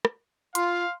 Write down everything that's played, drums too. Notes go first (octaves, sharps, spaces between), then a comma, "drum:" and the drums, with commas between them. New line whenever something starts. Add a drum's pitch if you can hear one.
drum: rim click
F4 F5 C6, drum: hi-hat